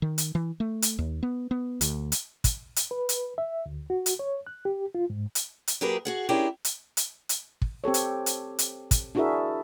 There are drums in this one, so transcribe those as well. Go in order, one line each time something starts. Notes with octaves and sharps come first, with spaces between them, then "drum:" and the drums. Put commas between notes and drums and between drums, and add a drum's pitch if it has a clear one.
D#3
drum: hi-hat
E3
A3
drum: hi-hat
D#2
B3
B3
D2, drum: hi-hat
drum: hi-hat
drum: kick, hi-hat
drum: hi-hat
B4
drum: hi-hat
E5
D2
F#4
drum: hi-hat
C#5
F#6
G4
F4
G#2
drum: hi-hat
drum: hi-hat
F#3 A#3 G4 G#4 A#4 B4
F#4 G#4 F#5
C#4 D4 E4 G4 G#4 A#4
drum: hi-hat
drum: hi-hat
drum: hi-hat
drum: kick
C4 G4 A4 C#5
drum: hi-hat
drum: hi-hat
drum: hi-hat
drum: kick, hi-hat
D4 E4 F#4 G#4 A#4 E5